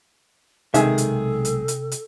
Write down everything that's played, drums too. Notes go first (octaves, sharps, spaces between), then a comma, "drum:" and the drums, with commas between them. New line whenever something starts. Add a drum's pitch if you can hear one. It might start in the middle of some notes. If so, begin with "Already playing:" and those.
B1 C3 D#3 G#3 G#4 A4 E5, drum: hi-hat
drum: hi-hat
drum: hi-hat
drum: hi-hat
drum: hi-hat